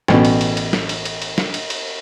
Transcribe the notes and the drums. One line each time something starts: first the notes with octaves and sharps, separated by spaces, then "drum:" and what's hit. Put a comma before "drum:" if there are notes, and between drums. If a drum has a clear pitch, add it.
A1 B2, drum: snare
drum: cymbal
drum: cymbal
drum: cymbal
drum: snare
drum: cymbal
drum: cymbal
drum: cymbal
drum: snare
drum: cymbal
drum: cymbal